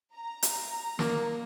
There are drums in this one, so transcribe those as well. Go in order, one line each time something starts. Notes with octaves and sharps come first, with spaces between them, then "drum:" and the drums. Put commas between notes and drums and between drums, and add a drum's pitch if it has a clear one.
A#5
drum: hi-hat
A#3, drum: snare